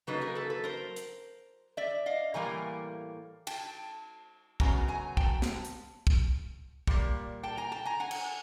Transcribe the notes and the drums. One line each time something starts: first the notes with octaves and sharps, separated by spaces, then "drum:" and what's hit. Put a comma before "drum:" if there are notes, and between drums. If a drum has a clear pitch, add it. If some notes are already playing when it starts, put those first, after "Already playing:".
C#3 F#3 A#3 D#4 A4 B4
G#4 A#4
A4 B4
A4 B4
A#4 C5
drum: hi-hat
D5 E5
D#5 F5
A2 E3 G3 A#3 G#5 A#5
G5 A5, drum: cymbal
F#2 C#3 F#3 B3 G#5 A#5, drum: kick
G#5 A#5
G5 A5, drum: kick
drum: snare
drum: hi-hat
drum: kick
A#2 G3 A#3, drum: kick
G5 A5
G#5 A#5
G5 A5
G#5 A#5
F#5 G#5
drum: cymbal